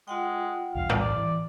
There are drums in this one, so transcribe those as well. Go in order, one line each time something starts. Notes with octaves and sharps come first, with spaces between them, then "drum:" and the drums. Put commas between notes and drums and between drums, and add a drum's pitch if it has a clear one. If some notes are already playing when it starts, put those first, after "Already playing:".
G#3 F4 F#5 G5
B1 E2 G2 F5
drum: tom
D5
E3